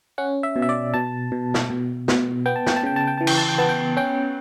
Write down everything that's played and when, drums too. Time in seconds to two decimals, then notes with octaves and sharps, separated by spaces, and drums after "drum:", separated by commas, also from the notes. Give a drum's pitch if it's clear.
0.18 C#4 F#5
0.43 E5
0.56 B2
0.62 E5
0.69 D5
0.94 B2 A5
1.32 B2
1.54 drum: snare
1.70 B2
2.08 B2, drum: snare
2.46 B3 G5
2.56 A5
2.67 G5, drum: snare
2.76 A5
2.83 C#3 G5
2.96 A5
3.07 G5
3.18 E3 A5
3.27 G5, drum: cymbal
3.38 A5
3.49 G5
3.58 B3 A5
3.69 G5
3.97 C#4 G5